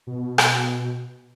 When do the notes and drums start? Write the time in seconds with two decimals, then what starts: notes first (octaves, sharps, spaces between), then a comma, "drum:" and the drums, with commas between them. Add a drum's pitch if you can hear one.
0.07 B2
0.38 drum: rim click